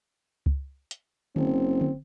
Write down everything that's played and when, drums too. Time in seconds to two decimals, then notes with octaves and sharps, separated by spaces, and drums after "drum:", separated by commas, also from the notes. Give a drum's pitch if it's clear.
0.46 drum: kick C#2
0.91 drum: hi-hat
1.36 F#1 C4, drum: tom D3
1.81 drum: tom D3